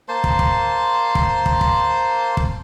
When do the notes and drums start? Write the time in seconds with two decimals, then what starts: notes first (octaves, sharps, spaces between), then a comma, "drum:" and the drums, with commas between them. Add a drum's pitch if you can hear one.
0.09 A#3 C5 A5 C6
0.24 drum: kick
0.39 drum: kick
1.15 drum: kick
1.46 drum: kick
1.61 drum: kick
2.37 drum: kick